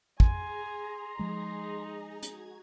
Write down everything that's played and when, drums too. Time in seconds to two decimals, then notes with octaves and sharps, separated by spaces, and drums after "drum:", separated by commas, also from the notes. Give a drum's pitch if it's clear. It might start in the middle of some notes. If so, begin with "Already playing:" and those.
0.20 G#4 G#5 A#5 C6, drum: kick
1.19 F3 G#3 D#4
2.23 F#4 G#6, drum: hi-hat